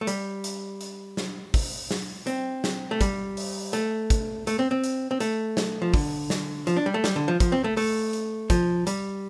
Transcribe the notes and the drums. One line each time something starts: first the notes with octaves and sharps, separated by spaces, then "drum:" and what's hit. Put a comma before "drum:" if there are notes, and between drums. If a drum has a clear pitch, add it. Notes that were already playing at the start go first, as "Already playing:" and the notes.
A3
G3, drum: hi-hat
drum: hi-hat
drum: hi-hat
drum: snare
drum: kick, open hi-hat
drum: snare
C4, drum: hi-hat
drum: snare
A3
G3, drum: kick, hi-hat
drum: open hi-hat
A3, drum: hi-hat
drum: kick, hi-hat
A3, drum: hi-hat
C4
C4
drum: hi-hat
C4
A3, drum: hi-hat
drum: snare
F3
D3, drum: kick, open hi-hat
drum: snare
F3, drum: hi-hat
D4
G3
A3
G3, drum: snare
D3
F3
F3, drum: kick, hi-hat
C4
A3
A3, drum: open hi-hat
drum: hi-hat
F3, drum: kick, hi-hat
G3, drum: hi-hat